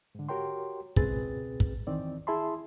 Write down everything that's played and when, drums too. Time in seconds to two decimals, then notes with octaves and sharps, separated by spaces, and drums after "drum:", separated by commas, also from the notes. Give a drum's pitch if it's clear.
0.15 G#2 D3
0.29 F#4 G4 A#4 C#5 G5 C6
0.96 C#2 B2 C4 G#4 B4 A6, drum: kick
1.60 drum: kick
1.87 D#3 E3 C4 D5
2.27 E4 G#4 E5 A5 B5 C6